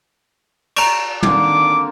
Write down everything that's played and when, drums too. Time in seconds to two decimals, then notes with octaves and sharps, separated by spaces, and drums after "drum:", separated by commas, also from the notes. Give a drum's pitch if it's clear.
0.76 D5 A#5 C#6, drum: cymbal
1.23 D3 D#3 A#3 C4 D4 D6, drum: tom